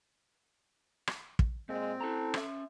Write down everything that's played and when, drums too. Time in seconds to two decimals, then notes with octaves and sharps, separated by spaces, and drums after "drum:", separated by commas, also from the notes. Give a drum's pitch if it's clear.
1.07 drum: rim click
1.39 drum: kick
1.69 A#2 G#3 C4
2.01 E4 A4 A5 A#5
2.34 C#4 E5, drum: rim click